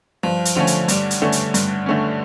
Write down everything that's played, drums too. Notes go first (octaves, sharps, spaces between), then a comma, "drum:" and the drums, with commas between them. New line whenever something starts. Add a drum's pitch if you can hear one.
G2 F3
drum: hi-hat
D3 F3 A3 C#4
drum: hi-hat
G2 G3, drum: hi-hat
drum: hi-hat
D3 A3 C#4
drum: hi-hat
G2, drum: hi-hat
D3 A3 C#4